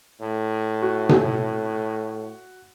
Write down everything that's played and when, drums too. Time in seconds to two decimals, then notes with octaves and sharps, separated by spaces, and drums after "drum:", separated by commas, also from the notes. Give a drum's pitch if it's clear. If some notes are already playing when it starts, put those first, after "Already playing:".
0.21 A2
0.82 F#4
1.09 drum: tom B2